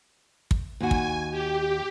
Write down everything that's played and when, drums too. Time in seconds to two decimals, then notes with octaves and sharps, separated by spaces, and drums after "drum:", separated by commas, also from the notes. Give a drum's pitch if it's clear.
0.51 drum: kick
0.80 D#2 F#4 G#5
0.91 drum: kick
1.31 G4